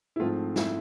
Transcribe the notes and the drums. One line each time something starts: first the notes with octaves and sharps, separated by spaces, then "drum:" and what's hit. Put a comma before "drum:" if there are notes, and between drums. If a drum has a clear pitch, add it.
E4
G#2 F3 A3 C4 F4
E4, drum: snare